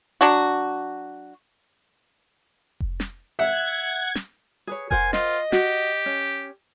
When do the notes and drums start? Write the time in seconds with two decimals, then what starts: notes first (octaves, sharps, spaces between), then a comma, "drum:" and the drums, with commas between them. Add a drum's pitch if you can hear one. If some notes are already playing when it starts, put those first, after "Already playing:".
0.21 F#3 D4 F#4
2.80 drum: kick F1
3.00 drum: snare
3.39 E5 F#5 G#6
4.15 drum: snare
4.67 G#4 B4 C#5
4.91 A#4 C5 F#5 G#5, drum: kick F1
5.13 F4 D#5, drum: snare
5.52 F#4 G4, drum: snare
6.06 C#4